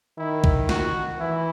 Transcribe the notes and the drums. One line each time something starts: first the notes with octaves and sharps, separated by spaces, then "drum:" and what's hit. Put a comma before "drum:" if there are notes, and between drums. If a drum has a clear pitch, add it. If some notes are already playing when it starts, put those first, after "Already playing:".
D#3 E4
drum: kick
F#4, drum: snare
E3 E4